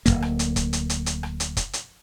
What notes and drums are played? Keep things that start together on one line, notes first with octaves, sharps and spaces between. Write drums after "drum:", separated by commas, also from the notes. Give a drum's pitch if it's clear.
D1 D#2 A#3, drum: hi-hat
drum: rim click
drum: hi-hat
drum: kick, hi-hat
drum: hi-hat
drum: hi-hat
drum: hi-hat
drum: rim click
drum: hi-hat
drum: kick, hi-hat
drum: hi-hat